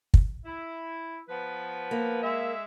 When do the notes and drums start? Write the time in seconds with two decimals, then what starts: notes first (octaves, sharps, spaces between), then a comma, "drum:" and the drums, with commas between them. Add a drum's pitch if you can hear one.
0.14 drum: kick
0.45 E4
1.29 F3 B3 B4
1.91 A#3
2.22 G#3 E5